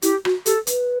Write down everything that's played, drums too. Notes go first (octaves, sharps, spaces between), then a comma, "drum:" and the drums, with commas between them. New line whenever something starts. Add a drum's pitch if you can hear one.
E4 G4, drum: hi-hat
F#4, drum: rim click
G4 A4, drum: hi-hat
B4, drum: hi-hat